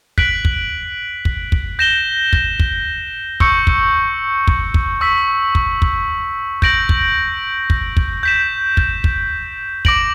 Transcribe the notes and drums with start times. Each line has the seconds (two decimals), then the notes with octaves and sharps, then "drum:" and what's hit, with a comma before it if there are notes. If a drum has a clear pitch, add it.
0.18 F#6 B6 D7 F#7, drum: kick
0.45 drum: kick
1.25 drum: kick
1.52 drum: kick
1.79 G6 A#6 E7 G7
2.33 drum: kick
2.60 drum: kick
3.40 C#6 E6 G6 C#7, drum: kick
3.67 drum: kick
4.47 drum: kick
4.74 drum: kick
5.01 C#6 E6 B6
5.55 drum: kick
5.82 drum: kick
6.62 G6 A#6 D7 F#7, drum: kick
6.89 drum: kick
7.70 drum: kick
7.97 drum: kick
8.23 G6 B6 E7
8.77 drum: kick
9.04 drum: kick
9.85 D6 A#6 D7 F#7, drum: kick